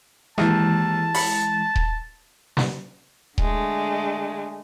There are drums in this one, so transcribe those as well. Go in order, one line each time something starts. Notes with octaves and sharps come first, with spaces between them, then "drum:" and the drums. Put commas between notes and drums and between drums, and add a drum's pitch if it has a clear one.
D#2 E3 G#3 A5, drum: rim click
B5, drum: open hi-hat
drum: kick D#1
drum: snare
D3 G#3 A3, drum: kick D#1